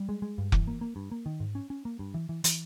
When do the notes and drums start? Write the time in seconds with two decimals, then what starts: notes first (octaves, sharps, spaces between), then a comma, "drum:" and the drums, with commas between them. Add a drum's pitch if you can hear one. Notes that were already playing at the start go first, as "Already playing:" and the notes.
Already playing: G3
0.09 G#3
0.22 G#3
0.38 G2
0.52 E3, drum: kick F1
0.67 A#3
0.81 A#3
0.96 G2
1.11 A#3
1.26 D#3
1.40 G#2
1.55 C#4
1.70 C#4
1.85 A#3
1.99 G2
2.14 E3
2.29 E3
2.44 E3, drum: hi-hat